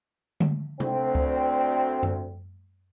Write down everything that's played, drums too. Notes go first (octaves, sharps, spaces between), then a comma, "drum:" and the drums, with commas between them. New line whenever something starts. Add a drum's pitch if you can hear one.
drum: tom D3
D2 C4, drum: tom C3
drum: kick C#2
drum: tom F#2